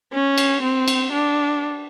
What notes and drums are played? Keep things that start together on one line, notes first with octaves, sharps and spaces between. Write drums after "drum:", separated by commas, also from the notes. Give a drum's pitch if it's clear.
C#4
drum: cymbal
C4
drum: cymbal
D4